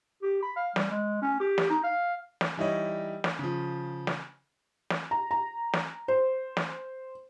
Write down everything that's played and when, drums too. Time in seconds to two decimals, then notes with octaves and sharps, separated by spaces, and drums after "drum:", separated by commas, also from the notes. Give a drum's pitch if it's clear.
0.23 G4
0.42 B5
0.56 F5
0.76 G3, drum: snare
0.91 G#3
1.22 C#4
1.40 G4
1.58 drum: snare
1.70 D#4
1.84 F5
2.41 drum: snare
2.57 E3 G3 D#4 E4 C#5 D#5
3.24 drum: snare
3.39 C#3 F3
4.07 drum: snare
4.90 drum: snare
5.11 A#5
5.31 A#5
5.73 drum: snare
6.08 C5
6.57 drum: snare